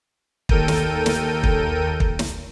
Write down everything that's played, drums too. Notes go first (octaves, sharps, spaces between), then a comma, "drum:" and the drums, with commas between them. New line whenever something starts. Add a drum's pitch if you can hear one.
D#2 A4 A#4 G5 G6 D#7, drum: kick
drum: snare
drum: snare
drum: kick
drum: kick
drum: snare